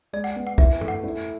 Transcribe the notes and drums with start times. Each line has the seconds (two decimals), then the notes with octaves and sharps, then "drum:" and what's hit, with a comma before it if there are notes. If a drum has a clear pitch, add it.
0.13 G#3 D5
0.24 F#5
0.36 B3
0.47 F#5
0.58 E4 E5, drum: kick
0.81 A3, drum: tom G2
0.88 F#5
1.04 E4